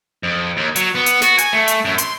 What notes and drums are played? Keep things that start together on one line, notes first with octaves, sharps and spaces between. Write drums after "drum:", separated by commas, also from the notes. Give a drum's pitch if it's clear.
F2
D#2
F#3, drum: hi-hat
B3
drum: hi-hat
F#4, drum: snare
G#5, drum: hi-hat
A3
drum: hi-hat
F#2
C6, drum: hi-hat